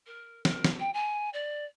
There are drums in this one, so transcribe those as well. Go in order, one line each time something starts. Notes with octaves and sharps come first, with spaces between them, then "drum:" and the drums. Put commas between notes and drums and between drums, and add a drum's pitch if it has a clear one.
A#4
A#4, drum: snare
drum: snare
G5
G#5
D5